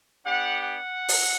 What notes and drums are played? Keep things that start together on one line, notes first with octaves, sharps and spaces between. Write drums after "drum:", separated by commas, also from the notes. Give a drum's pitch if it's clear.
B3 D4 G4 F#5
F#5
drum: open hi-hat